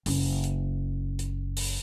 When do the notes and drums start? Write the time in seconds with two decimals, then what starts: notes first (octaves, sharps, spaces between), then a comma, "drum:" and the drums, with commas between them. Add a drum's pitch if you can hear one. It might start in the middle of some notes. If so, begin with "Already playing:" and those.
0.06 F#1 C#4, drum: open hi-hat
0.44 drum: hi-hat
1.19 drum: hi-hat
1.57 drum: open hi-hat